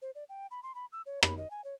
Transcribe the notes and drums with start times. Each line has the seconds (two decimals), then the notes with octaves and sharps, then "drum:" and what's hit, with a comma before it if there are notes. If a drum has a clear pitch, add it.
0.02 C5
0.15 D5
0.29 G5
0.51 B5
0.63 C6
0.75 B5
0.92 E6
1.06 C#5
1.23 B5, drum: rim click
1.37 D#5
1.51 G#5
1.64 C#5